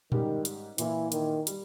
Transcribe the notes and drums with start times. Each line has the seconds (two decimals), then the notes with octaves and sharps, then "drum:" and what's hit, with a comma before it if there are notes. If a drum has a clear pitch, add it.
0.12 G#2 D#3 G3 C#4 G4, drum: tom A#2
0.45 drum: hi-hat
0.78 A#2 E3 A#3 E4, drum: hi-hat
1.12 D#3, drum: hi-hat
1.47 G3, drum: hi-hat